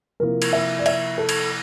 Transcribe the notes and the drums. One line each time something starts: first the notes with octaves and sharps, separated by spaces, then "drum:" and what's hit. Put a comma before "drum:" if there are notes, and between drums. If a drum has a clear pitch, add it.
C3 F3 A#3 E4 A#4
drum: cymbal
E5
D5
E5, drum: cymbal
A4
drum: cymbal